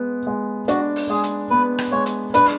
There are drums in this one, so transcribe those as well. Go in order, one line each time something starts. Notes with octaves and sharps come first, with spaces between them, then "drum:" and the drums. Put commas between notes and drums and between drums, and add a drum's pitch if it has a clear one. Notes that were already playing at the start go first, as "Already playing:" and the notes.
Already playing: G#3 B3
G#3
D4 F#4, drum: hi-hat
drum: open hi-hat
G#3 G#4
drum: hi-hat
B3 B4
drum: rim click
G#3 C#5
drum: hi-hat
D4 B4, drum: hi-hat